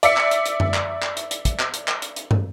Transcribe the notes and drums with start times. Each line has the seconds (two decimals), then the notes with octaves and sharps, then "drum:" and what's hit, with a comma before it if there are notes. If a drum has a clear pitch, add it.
0.03 D5 E5 C#7, drum: hi-hat
0.17 drum: clap
0.31 drum: hi-hat
0.46 drum: hi-hat
0.60 drum: tom F#2
0.74 drum: clap
1.03 drum: clap
1.17 drum: hi-hat
1.31 drum: hi-hat
1.45 drum: kick, hi-hat
1.59 drum: clap
1.74 drum: hi-hat
1.88 drum: clap
2.02 drum: hi-hat
2.16 drum: hi-hat
2.31 drum: tom